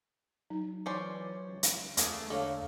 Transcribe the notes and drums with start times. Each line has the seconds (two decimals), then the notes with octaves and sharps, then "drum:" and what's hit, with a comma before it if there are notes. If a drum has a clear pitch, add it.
0.50 F#3 D#4
0.86 E3 C#4 C5 D5
1.49 C#2
1.63 drum: hi-hat
1.97 E2 A3 A#3 G#4, drum: hi-hat
2.30 D3 A3 A#3 A4 C#5 F5